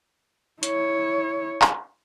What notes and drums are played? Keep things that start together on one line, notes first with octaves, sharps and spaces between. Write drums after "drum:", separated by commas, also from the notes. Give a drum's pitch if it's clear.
E4 C#5, drum: hi-hat
drum: clap